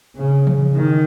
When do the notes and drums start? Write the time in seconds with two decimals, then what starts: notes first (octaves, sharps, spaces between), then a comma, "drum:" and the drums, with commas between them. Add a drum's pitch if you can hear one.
0.17 C#3
0.47 drum: tom E3
0.76 D#3